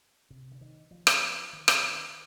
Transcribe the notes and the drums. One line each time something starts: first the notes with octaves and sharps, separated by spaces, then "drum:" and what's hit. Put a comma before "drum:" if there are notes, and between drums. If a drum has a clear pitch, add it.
C3
D3
D#3
F3
drum: rim click
D#3
drum: rim click
D#3